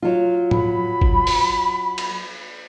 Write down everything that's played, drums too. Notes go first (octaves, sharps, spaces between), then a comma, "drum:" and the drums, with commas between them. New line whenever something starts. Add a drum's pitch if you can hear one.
F#3 F4
B5, drum: tom
drum: kick G1
drum: open hi-hat
drum: cymbal